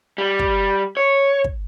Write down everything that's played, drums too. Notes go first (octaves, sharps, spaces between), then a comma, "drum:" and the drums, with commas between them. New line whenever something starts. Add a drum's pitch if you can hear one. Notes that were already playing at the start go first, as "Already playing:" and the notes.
G3
drum: kick
C#5
drum: kick